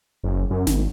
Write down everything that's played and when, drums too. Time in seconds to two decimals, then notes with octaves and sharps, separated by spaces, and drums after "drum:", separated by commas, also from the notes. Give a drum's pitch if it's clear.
0.24 F#1
0.50 F#2
0.67 G#1, drum: snare